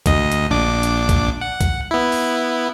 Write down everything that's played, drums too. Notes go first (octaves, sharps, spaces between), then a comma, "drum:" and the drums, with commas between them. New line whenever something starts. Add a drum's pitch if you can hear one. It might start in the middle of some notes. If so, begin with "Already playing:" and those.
D2 D#5, drum: kick C2, hi-hat
drum: hi-hat
A#1 D4 D6
drum: hi-hat
drum: kick C2, hi-hat
F#5
drum: kick C2, hi-hat
B3 E4
drum: open hi-hat